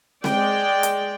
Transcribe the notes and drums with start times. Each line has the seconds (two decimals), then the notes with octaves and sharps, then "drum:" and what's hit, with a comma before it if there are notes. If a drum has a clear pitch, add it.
0.24 G#3 D5 G5, drum: snare C4
0.83 drum: hi-hat